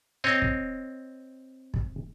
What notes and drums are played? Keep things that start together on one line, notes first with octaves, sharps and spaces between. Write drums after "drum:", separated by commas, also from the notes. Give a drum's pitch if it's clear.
C4 C#5 D#5
drum: kick
drum: kick